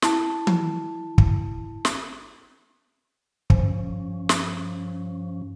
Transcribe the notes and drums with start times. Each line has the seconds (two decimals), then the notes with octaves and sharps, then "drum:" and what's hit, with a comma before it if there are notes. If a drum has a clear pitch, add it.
0.02 E4 A5, drum: snare
0.47 drum: tom
1.18 drum: kick
1.85 drum: snare
3.50 G2 F3 C#4, drum: kick
4.29 drum: snare